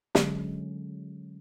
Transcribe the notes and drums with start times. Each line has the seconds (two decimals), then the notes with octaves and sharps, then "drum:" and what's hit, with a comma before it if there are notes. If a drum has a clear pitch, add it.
0.15 D3 F#3 G#3 C#4, drum: snare